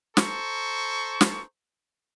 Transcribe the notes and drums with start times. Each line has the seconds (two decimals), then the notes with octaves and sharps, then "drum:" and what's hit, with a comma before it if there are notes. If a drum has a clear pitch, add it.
0.17 A4 C5 A#5 C#6, drum: snare
1.21 drum: snare